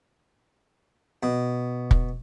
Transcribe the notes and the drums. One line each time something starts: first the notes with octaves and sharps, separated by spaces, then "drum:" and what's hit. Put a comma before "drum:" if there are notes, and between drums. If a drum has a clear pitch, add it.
B2
drum: kick